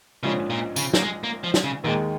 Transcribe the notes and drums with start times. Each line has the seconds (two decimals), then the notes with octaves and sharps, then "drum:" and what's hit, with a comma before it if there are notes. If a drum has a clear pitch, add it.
0.23 A#1 G#2 C#3 F3 C#4
0.50 A#2
0.76 C#3, drum: tambourine
0.94 A#3, drum: snare
1.03 G#3
1.24 A#3
1.44 F3
1.54 drum: snare
1.64 C#3
1.84 D#2 A#2 D#3 G#3